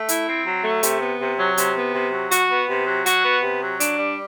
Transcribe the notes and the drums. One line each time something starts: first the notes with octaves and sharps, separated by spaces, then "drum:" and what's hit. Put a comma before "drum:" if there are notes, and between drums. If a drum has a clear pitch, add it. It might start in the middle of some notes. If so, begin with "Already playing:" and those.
Already playing: A3
E4, drum: hi-hat
C4
F#3
A3
C3, drum: hi-hat
B3
C3
F#3
C3, drum: hi-hat
B3
C3
F#3
F#4, drum: hi-hat
B3
C3
F#3
F#4, drum: hi-hat
B3
C3
F#3
D4, drum: hi-hat
G3